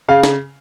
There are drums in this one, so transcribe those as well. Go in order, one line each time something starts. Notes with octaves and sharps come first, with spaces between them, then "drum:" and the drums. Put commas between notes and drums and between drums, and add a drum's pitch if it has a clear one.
C#3 F5
drum: snare